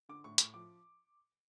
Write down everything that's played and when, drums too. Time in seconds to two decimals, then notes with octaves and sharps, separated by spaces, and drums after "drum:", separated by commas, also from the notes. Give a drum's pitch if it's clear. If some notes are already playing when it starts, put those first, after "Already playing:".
0.09 D3 D6
0.24 A2 C#6
0.38 A2 C#6, drum: hi-hat
0.54 F3 D6